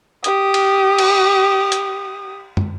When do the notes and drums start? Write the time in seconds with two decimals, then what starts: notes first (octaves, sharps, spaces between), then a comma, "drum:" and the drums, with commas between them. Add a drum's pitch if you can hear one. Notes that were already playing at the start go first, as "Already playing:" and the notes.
0.24 G4 D#6, drum: hi-hat
0.54 drum: cymbal
0.98 drum: cymbal
1.72 drum: hi-hat
2.57 drum: tom